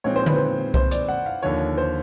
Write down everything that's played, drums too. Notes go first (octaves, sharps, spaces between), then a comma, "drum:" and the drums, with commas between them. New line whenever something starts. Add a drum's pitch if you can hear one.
A#2 F3 G#3 C4 D#4 C#5
C5
B4, drum: tom D3
C5
C5, drum: kick C2
D5, drum: hi-hat
F#5
F5
D#2 D3 F3 C#5
C5